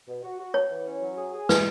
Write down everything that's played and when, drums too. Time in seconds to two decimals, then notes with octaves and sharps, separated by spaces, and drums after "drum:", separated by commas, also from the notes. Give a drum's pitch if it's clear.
0.08 B2
0.24 F#4
0.40 F#4
0.54 B3 C#5
0.70 E3
0.86 C#4
1.01 F#3
1.18 G#4
1.33 G#4
1.49 B4, drum: snare